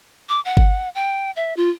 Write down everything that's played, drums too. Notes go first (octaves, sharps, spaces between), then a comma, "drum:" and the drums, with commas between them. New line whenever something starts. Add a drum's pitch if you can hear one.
D6
F#5
drum: kick G1
G5
E5
F4